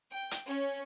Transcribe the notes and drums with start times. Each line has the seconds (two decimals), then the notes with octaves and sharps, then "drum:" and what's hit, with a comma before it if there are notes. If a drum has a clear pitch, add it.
0.11 G5
0.31 drum: hi-hat
0.46 C#4